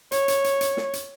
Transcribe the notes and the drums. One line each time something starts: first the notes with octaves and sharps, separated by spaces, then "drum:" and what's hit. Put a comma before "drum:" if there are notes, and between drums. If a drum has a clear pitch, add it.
C#5, drum: hi-hat
drum: hi-hat
drum: hi-hat
drum: hi-hat
drum: snare
drum: hi-hat